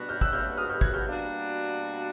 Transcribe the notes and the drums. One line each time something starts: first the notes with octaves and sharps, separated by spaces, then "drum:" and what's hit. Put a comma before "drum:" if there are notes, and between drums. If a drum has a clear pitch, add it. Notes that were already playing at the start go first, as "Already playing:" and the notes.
Already playing: B2 G3 B3 D4 F#4
F6 G6
E6 F#6, drum: kick
F6 G6
D#6 F6
F6 G6
F#6 G#6, drum: kick
F6 G6
B2 G3 A#3 D4 F#4